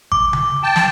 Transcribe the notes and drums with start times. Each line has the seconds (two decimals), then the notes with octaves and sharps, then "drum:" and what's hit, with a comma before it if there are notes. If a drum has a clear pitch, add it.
0.12 D6, drum: kick G#1
0.33 drum: tom C#3
0.63 G5 A5
0.76 drum: snare